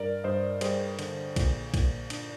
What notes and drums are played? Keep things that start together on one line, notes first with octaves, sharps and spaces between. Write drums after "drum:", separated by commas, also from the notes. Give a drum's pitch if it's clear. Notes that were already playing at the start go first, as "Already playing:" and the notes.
Already playing: G2 A#4 D5
G2 C5 D#5
G3 G#4 C5, drum: cymbal
D3, drum: cymbal
A#2, drum: kick A#1, cymbal
A#2, drum: kick A#1, cymbal
D4, drum: cymbal